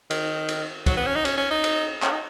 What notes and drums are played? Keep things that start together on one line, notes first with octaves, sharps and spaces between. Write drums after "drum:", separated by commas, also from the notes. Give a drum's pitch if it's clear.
D#3, drum: cymbal
drum: cymbal
F#3, drum: kick, cymbal
B3
C#4
D#4
C#4, drum: cymbal
C#4
D#4
drum: cymbal
C#4, drum: clap
D#4